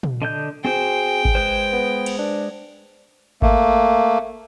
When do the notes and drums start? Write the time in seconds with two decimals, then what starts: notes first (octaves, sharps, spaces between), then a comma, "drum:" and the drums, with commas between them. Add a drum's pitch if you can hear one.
0.03 drum: tom
0.22 D3 D#5 G6
0.65 C4 F#4 G#4 C5 G5
1.25 drum: kick G#1
1.35 G#3 B4 C5
1.72 B3
2.06 drum: cymbal
2.18 D4
3.42 A3 A#3, drum: kick G#1